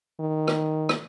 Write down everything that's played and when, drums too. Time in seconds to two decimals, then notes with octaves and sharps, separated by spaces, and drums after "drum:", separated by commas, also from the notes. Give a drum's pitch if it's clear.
0.20 D#3
0.47 drum: rim click
0.89 drum: rim click